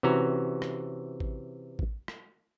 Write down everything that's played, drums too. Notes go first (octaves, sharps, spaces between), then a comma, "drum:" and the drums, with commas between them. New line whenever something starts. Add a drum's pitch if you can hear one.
C3 E3 C#4 F#4 A#5
drum: rim click
drum: kick A1
drum: kick A1
drum: rim click